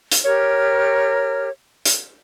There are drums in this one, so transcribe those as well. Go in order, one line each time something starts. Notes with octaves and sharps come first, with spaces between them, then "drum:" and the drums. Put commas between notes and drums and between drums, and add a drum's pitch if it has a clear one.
drum: hi-hat
G4 A#4 C#5 F6
drum: hi-hat